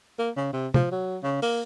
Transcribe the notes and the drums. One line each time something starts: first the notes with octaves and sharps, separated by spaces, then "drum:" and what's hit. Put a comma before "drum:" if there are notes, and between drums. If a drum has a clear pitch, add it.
A#3
C#3
C3
F3, drum: tom
F#3
C#3
A#3, drum: open hi-hat